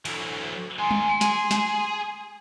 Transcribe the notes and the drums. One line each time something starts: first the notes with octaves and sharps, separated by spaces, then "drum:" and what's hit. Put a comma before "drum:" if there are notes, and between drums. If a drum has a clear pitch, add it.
D2 E3 F#3, drum: cymbal
D#3 G#3 G#5 C6
drum: tom G3
G#4, drum: snare
drum: snare